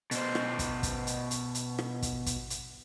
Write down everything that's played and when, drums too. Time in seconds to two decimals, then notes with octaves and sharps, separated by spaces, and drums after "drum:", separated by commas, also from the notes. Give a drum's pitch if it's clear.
0.11 B2 C5, drum: hi-hat
0.35 drum: rim click
0.59 drum: kick, hi-hat
0.83 drum: kick, hi-hat
1.07 drum: hi-hat
1.31 drum: hi-hat
1.55 drum: hi-hat
1.79 drum: rim click
2.02 drum: kick, hi-hat
2.26 drum: kick, hi-hat
2.50 drum: hi-hat